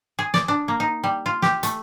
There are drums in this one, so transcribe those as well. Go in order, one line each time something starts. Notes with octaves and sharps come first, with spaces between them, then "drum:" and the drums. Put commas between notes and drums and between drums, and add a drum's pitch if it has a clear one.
G#4
D5, drum: snare
D4
A#3
D#4
G3
F4
G4, drum: snare
A3, drum: hi-hat